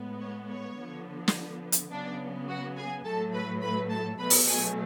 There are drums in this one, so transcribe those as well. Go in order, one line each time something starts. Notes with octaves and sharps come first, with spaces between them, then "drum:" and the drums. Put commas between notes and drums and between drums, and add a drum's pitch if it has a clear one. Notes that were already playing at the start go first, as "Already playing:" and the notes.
Already playing: A2 G#3 B3
C#5
C#5
D3 F3 B3
drum: snare
drum: hi-hat
C#3 F#3 B3 D4 D5
F#4 F#5
G#4 G#5
A2 F#3 A3 A4 A5
B4 B5
B4 B5
A4 A5
B2 F#3 A3 B4 B5
drum: open hi-hat
G#4 G#5